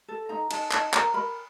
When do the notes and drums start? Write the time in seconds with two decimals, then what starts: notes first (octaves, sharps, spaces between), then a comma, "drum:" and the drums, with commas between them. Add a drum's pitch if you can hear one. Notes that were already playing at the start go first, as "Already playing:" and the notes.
0.08 A4
0.29 D#4 A#5
0.51 D#4 A5, drum: cymbal
0.71 D#4 A5, drum: clap
0.94 A#4 A#5, drum: clap
1.14 A#4 B5